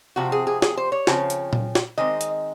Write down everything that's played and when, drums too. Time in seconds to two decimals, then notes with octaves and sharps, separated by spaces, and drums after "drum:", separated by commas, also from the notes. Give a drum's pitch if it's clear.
0.16 C3 F3 C4 F#4
0.32 G#4
0.47 G#4
0.62 G#4, drum: snare
0.77 C5
0.92 C#5
1.07 C#3 F3 C4, drum: snare
1.30 drum: hi-hat
1.53 drum: tom A#2
1.75 drum: snare
1.98 D#3 G#3 C4 D#5
2.21 drum: hi-hat